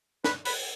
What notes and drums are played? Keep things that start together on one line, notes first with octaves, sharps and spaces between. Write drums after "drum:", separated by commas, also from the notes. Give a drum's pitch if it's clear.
B4, drum: snare
B4, drum: open hi-hat